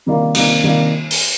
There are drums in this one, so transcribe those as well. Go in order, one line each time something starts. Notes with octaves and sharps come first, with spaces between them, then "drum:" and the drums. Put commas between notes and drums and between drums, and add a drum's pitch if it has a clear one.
C3 D#3 G3 A#3 F4
C3 D#3 G3 A#3 F4, drum: cymbal
C3 D#3 G3 A#3 F4
drum: open hi-hat